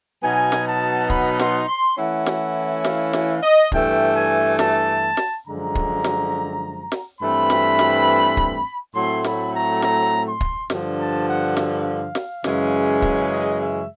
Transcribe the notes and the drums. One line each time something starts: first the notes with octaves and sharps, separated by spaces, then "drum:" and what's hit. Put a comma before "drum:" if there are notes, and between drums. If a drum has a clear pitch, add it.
B2 F#3 B3 D#4 G#5
drum: snare
A5
B5, drum: kick
C6, drum: snare
C6
E3 A3 C#4 E4 F#5
drum: snare
F5, drum: snare
F5, drum: snare
D#5
G2 E3 A3 G5, drum: kick
G#5
A5, drum: snare
drum: snare
F#2 D3 F3 G#3 A#5
drum: kick
drum: snare
drum: snare
G2 E3 A3 C4 B5
drum: snare
drum: snare
drum: kick
A2 F#3 A3 C4 C6
B5, drum: snare
A#5
A#5, drum: snare
C6
drum: kick
G2 D3 F3, drum: snare
A5
F#5
F5, drum: snare
drum: snare
F#2 C#3 E3 G#3 C#4, drum: snare
drum: kick
D#5
E5